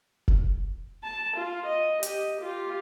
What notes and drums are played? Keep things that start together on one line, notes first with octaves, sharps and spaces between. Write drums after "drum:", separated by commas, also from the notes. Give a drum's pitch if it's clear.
drum: kick
A5
F4
D#5
G4 D#5, drum: hi-hat
F4 G4